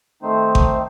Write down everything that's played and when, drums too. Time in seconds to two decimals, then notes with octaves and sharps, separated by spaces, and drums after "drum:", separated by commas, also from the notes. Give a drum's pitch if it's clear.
0.23 D#3 A3 C4 D#4 C5
0.55 drum: kick G#1